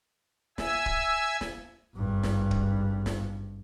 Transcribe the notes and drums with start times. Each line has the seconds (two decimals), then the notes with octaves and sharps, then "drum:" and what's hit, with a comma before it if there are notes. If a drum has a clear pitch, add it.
0.58 E5 G#5 E6, drum: snare
0.86 drum: kick
1.41 drum: snare
1.96 G#1 G2
2.23 drum: snare
2.51 drum: kick
3.06 drum: snare